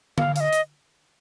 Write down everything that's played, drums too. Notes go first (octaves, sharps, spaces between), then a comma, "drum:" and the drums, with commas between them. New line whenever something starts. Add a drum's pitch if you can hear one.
F5, drum: tom D3
F5, drum: hi-hat
D#5
drum: hi-hat